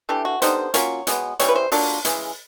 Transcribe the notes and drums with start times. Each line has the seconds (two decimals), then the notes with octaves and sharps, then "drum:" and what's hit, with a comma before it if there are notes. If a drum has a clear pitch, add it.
0.09 E3 A3 D4 G4
0.25 F#4
0.42 D3 G3 B3 D#4 C5, drum: hi-hat
0.74 F#3 A#3 C#4 F4 C#5, drum: hi-hat
1.07 B2 G#3 B3, drum: hi-hat
1.39 C#3 E3 G3 C4 C#5, drum: hi-hat
1.48 B4
1.55 C5
1.72 F#3 A#3 D4 F4, drum: open hi-hat
2.05 C#3 E3 G#3, drum: hi-hat